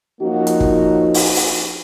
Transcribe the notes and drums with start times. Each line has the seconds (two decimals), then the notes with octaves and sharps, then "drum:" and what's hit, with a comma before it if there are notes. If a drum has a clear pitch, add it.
0.21 F3 A#3 C#4 D#4 F#4
0.47 drum: hi-hat
0.60 drum: kick
1.14 drum: open hi-hat
1.36 drum: open hi-hat